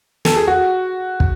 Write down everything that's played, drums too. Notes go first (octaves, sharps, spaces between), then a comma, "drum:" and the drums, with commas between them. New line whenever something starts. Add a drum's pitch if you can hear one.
A4, drum: snare
G#4
F#4
drum: kick